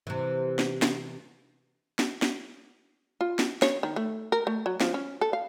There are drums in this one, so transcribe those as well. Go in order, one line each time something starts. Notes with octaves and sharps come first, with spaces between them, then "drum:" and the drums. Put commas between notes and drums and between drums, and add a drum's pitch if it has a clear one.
C3 E3
drum: snare
drum: snare
drum: snare
drum: snare
F4
drum: snare
C#5, drum: snare
D#3
A3
A#4
A3
F#3
F3, drum: snare
C#4
A4
F5